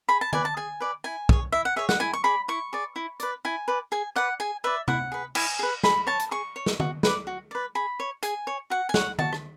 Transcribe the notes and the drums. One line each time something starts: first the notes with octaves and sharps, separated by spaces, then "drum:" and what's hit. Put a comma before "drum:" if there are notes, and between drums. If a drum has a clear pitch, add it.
G#4 B5
A5
B4 D5 G#5, drum: tom
A5
G#4 G#5
B4 D5
E4 G#5
G#4 C#5, drum: kick
E4 E5
F#5
G#4 C#5 E5
F#5, drum: snare
E4 G#5
C#6
G#4 D5 B5
E4 C#6
G#4 D5
E4
B4 D5, drum: hi-hat
E4 G#5
B4 D5
G#4 G#5
B4 D5 F#5
G#4 G#5
B4 D5 E5
E4 F#5, drum: tom C3
G#4 B4
E4 G#5, drum: cymbal
G#4 B4
G#4 B5, drum: snare
C#5 A5
drum: hi-hat
G#4 C#6
C#5
drum: snare
F#4, drum: tom
B4 D5, drum: snare
F#4
B4 D5
G#4 B5
C#5
G#4 G#5, drum: hi-hat
C#5
F#4 F#5
G#5
C#5 F#5, drum: snare
F#4 A5, drum: tom
drum: rim click